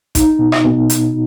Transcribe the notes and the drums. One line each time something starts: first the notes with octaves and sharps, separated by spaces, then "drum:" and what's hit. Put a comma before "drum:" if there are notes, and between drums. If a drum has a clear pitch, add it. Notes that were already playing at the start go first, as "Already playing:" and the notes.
D#4, drum: kick G1, hi-hat
B2
drum: rim click
B2
drum: hi-hat